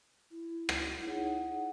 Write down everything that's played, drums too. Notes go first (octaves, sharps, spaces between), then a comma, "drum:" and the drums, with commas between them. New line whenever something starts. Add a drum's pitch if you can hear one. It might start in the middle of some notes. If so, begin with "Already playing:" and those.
E4
drum: rim click
D#4 G#4 C#5 F#5